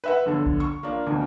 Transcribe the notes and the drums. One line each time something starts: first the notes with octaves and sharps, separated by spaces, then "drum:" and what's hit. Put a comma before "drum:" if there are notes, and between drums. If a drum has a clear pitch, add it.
B4 E5 F#5
G1 D3 A4
drum: kick A#1
C#6
A#3 D4 F4
D2 B2